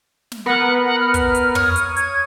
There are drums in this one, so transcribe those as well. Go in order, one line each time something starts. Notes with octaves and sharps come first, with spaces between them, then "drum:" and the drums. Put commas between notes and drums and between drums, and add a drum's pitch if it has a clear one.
drum: snare
B3 A#4 B4 F#5
F#5
F6
drum: kick, hi-hat
drum: hi-hat
C#5 D#6, drum: tom
drum: hi-hat
G#6, drum: hi-hat